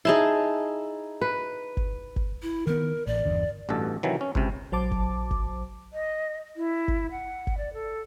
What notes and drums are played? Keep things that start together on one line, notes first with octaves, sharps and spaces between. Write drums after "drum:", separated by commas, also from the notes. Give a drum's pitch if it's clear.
D#4 E4 G#4 A5 C6
B4
drum: kick G1
drum: kick G1
E4
D#3 B3 A#4
A1 D5
G1 E2 D3
A1 G2 B2 A4
C3 D#3 E3 F#3
C#4
C#2 C3, drum: kick G1
A#1 F#3 C5 A5 D6
drum: kick G1
drum: kick G1
D#5
E4
drum: kick G1
F#5
drum: kick G1
D5
A4